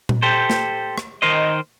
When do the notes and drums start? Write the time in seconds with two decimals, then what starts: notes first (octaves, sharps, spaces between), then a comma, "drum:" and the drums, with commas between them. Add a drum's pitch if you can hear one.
0.09 drum: tom A#2
0.22 G4 A4 C5
0.50 drum: snare
0.98 drum: rim click
1.22 D#3 D#4 A#4 C5 D#5